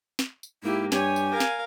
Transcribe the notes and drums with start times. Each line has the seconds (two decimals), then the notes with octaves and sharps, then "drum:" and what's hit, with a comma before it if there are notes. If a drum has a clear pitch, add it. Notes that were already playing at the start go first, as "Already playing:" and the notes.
0.19 drum: snare
0.43 drum: tambourine
0.63 G#2 A#3 E4 G4
0.92 G2 G4 C#5 G#5, drum: snare
1.16 drum: tambourine
1.31 A#4 F5
1.40 drum: snare